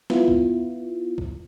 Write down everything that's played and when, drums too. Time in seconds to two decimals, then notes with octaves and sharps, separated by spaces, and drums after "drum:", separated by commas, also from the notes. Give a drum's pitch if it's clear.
0.10 B3 E4 F4, drum: snare
0.28 drum: kick
1.18 drum: kick